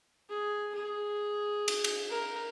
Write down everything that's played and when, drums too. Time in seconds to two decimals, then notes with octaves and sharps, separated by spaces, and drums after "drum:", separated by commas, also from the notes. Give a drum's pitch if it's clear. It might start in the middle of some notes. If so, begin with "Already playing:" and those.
0.29 G#4
0.75 G#4
1.68 drum: cymbal
1.84 drum: cymbal
2.10 A#4